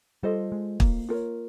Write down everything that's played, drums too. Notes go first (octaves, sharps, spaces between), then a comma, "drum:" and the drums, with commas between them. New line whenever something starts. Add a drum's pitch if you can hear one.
G3 F4 A4 C5 D#5
G#3
A#3, drum: kick
F4 A#4 C#5